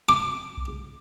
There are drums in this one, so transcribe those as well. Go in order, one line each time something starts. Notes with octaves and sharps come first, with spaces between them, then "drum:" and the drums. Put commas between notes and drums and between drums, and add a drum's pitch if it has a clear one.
D6, drum: snare
drum: kick B1